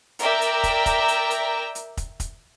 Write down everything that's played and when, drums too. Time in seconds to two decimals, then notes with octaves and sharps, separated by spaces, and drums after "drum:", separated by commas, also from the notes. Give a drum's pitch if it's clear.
0.19 A#4 D5 E5 G5 A#5, drum: hi-hat
0.41 drum: hi-hat
0.64 drum: kick, hi-hat
0.86 drum: kick, hi-hat
1.08 drum: hi-hat
1.30 drum: hi-hat
1.75 drum: hi-hat
1.97 drum: kick, hi-hat
2.20 drum: kick, hi-hat